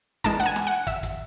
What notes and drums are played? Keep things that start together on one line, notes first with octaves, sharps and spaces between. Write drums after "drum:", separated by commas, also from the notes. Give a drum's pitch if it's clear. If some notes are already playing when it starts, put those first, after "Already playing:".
E3 G#3 D4 A5, drum: kick, hi-hat
F#5, drum: hi-hat
G#5
drum: snare
F#5
E5, drum: kick, hi-hat
drum: kick, hi-hat